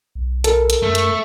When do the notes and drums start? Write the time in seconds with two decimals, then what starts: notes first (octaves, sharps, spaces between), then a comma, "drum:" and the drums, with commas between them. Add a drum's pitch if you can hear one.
0.15 B1
0.44 A4 A#4, drum: hi-hat
0.70 drum: hi-hat
0.82 F#2 A3
0.95 drum: hi-hat